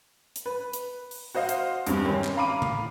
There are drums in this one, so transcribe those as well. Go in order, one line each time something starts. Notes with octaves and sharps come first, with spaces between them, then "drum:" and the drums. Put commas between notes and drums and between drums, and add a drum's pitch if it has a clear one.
drum: hi-hat
B4
drum: hi-hat
drum: open hi-hat
F#4 C5 D#5 F5
drum: hi-hat
E2 G2 C3, drum: hi-hat
D#3 G3 C4 C#4
drum: clap
F5 A#5 B5 D6 D#7
drum: tom C3